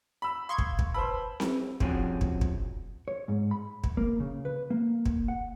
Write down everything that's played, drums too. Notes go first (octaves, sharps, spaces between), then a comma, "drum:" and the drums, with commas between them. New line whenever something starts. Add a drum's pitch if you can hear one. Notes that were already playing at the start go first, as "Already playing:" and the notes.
B5 E6
F5 C6 C#6 D#6 G#6
drum: kick
drum: kick
B4 C5 A5 B5 E6
drum: snare C4
C3 F3 C#4 D4 F#4 G#4, drum: kick
drum: kick
drum: kick
C#5
G#2
B5
drum: kick
A#3
C#3
B4
A#3
drum: kick
F#5